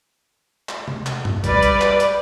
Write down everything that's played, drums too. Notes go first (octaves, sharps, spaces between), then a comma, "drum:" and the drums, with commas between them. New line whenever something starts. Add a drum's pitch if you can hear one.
drum: clap
drum: tom C3
drum: clap
drum: tom G2
G3 B4 D5, drum: kick, hi-hat
drum: hi-hat
drum: clap
drum: hi-hat